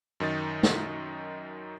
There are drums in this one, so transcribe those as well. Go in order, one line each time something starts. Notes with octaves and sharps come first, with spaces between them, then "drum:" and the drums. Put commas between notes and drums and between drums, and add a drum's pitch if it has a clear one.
F#2 D#3 D#4 A6
drum: snare